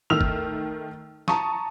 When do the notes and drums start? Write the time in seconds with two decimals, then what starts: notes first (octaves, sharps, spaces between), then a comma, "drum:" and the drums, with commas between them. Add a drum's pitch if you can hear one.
0.10 D#3 A3 E6 F6 F7
0.21 drum: kick
1.28 A5 A#5 C#6 D#6, drum: snare